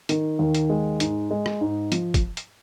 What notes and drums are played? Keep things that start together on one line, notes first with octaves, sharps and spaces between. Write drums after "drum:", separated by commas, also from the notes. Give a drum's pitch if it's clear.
D#3, drum: hi-hat
D#2
drum: hi-hat
G#3
G#2, drum: hi-hat
G#3
drum: rim click
G#2
F3, drum: hi-hat
drum: kick, hi-hat
drum: hi-hat